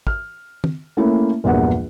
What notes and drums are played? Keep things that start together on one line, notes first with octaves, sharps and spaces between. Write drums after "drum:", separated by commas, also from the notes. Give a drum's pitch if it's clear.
F6, drum: kick
drum: tom D#3
A3 A#3 C#4 E4
A#1 E2 G2 A#3 F#5